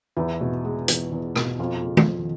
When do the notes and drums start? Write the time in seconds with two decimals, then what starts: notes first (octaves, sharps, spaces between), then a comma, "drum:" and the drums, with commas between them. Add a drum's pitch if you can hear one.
0.17 E2 E4
0.41 B2
0.65 G#3
0.88 E2, drum: hi-hat
1.12 E2
1.36 B2, drum: rim click
1.59 F2 F4
1.83 C#3
1.97 drum: tom
2.07 F3